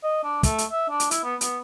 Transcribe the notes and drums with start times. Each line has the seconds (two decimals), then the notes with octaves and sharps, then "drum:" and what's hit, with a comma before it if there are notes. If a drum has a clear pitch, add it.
0.03 D#5
0.24 D4
0.43 A3, drum: kick, hi-hat
0.58 drum: hi-hat
0.71 E5
0.89 D4
1.00 drum: hi-hat
1.11 E4, drum: hi-hat
1.24 B3
1.41 B3, drum: hi-hat